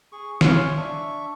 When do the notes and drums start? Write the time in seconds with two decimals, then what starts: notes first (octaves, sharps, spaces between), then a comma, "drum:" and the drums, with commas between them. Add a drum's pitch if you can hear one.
0.12 G#4 C#6
0.41 C#5 F5 G#5 C6, drum: snare
0.77 D4 E5 C#6